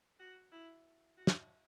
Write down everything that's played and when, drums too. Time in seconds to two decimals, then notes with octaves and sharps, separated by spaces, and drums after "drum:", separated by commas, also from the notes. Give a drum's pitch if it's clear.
0.19 F#4
0.52 E4
1.17 F#4
1.27 drum: snare